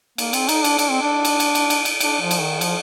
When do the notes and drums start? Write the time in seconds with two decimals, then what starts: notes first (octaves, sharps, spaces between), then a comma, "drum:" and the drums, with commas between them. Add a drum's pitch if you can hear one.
0.18 A#3, drum: cymbal
0.33 C4, drum: cymbal
0.49 D#4, drum: cymbal
0.64 D4, drum: cymbal
0.79 D4, drum: cymbal
0.90 C4
1.01 D4
1.25 drum: cymbal
1.40 drum: cymbal
1.55 drum: cymbal
1.70 drum: cymbal
1.85 drum: cymbal
2.00 D4, drum: cymbal
2.21 F3
2.31 drum: cymbal
2.41 D#3
2.61 F3, drum: cymbal